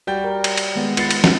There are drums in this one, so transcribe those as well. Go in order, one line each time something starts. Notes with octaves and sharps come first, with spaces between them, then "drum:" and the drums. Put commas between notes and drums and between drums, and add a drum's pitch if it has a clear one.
G3 F#4 G5 G6
A#4
drum: cymbal
drum: cymbal
D#3 G#3 B3
F4 B4 A6 C7 C#7, drum: cymbal
drum: cymbal
drum: snare